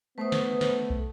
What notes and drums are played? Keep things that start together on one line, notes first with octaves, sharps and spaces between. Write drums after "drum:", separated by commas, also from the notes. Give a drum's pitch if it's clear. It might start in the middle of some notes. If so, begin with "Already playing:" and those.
A3 B3 B4 C5 D#6
drum: snare
drum: snare
drum: kick